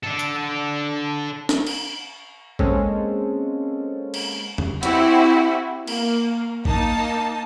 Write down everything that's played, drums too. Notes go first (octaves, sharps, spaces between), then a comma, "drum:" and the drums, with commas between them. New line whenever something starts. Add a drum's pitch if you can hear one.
D4 A4
drum: tambourine
drum: snare
drum: cymbal
G#3 A#3 C4 C#4 A4, drum: kick A1
drum: cymbal
drum: tom E2
C4 E4 F#4 G4, drum: hi-hat
A#3, drum: cymbal
A#3 D#4 A5, drum: kick A1